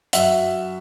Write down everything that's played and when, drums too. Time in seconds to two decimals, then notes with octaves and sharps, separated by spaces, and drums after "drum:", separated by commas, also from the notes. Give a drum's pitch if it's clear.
0.13 F#2 E5 F#5, drum: hi-hat